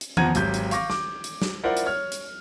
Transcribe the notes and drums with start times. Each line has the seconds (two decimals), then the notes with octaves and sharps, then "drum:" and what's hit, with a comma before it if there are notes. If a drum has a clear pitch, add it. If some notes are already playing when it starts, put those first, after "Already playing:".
0.01 drum: hi-hat
0.17 E2 F3 F#5 A#5 G#6 D#7, drum: tom D#3
0.35 G#1 F#3 G4 G6, drum: hi-hat
0.54 drum: hi-hat
0.71 F5 C#6 D6 A#6, drum: hi-hat
0.90 D6, drum: snare
1.24 drum: hi-hat
1.42 drum: snare
1.64 E4 F4 A#4 C5 D5 F#5
1.77 drum: hi-hat
1.86 C#5 F6
2.12 drum: hi-hat